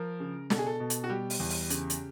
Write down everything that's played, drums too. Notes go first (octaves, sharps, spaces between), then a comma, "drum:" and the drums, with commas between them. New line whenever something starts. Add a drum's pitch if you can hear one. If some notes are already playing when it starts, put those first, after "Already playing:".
Already playing: F3 A#4
C#3
B2 A4, drum: snare
G#4
A4
B2
drum: hi-hat
F#4
G3 G4
drum: open hi-hat
E2
drum: open hi-hat
C#3, drum: hi-hat
drum: hi-hat